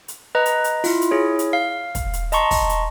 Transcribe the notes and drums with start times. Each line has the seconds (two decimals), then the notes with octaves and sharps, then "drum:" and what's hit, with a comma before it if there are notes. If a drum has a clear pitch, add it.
0.08 drum: hi-hat
0.35 B4 D#5 A#5
0.46 drum: hi-hat
0.64 drum: hi-hat
0.84 E4 F4, drum: open hi-hat
1.02 drum: hi-hat
1.11 E4 G#4 C#5
1.39 drum: hi-hat
1.53 F5
1.95 drum: kick, hi-hat
2.13 drum: hi-hat
2.32 D#5 A5 A#5 C6 C#6, drum: hi-hat
2.51 drum: kick, open hi-hat
2.69 drum: hi-hat